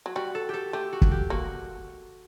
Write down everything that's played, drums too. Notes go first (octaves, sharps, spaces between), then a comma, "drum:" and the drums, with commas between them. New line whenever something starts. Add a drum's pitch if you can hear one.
F#3
G3 F#4
A4
G4 A4
A3 G4
F#4
drum: kick
G4
A#3 F#4